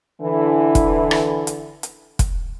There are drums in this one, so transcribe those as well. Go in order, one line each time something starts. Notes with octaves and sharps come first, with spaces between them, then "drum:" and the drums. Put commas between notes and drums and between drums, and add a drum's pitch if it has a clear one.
D3 E3
drum: kick, hi-hat
drum: rim click
drum: hi-hat
drum: hi-hat
drum: kick, hi-hat